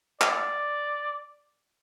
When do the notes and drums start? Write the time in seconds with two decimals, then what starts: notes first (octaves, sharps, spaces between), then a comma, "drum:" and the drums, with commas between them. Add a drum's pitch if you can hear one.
0.21 D5, drum: clap